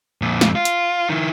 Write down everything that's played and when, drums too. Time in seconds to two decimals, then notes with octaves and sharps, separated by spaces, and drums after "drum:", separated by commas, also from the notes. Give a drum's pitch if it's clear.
0.22 F2 A#2
0.41 drum: snare
0.55 F4
0.65 drum: hi-hat
1.10 D#3 E4